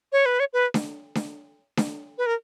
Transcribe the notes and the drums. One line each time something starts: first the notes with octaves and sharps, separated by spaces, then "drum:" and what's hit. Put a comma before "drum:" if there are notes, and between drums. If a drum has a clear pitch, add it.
C#5
B4
C#5
B4
drum: snare D4
drum: snare D4
drum: snare D4
B4
A#4